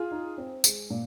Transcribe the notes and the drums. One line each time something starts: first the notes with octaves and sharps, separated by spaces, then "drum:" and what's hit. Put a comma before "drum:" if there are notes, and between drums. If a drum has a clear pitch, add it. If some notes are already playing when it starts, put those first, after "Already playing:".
Already playing: F4 G#4
D#4
C4
G#3, drum: tambourine
A#2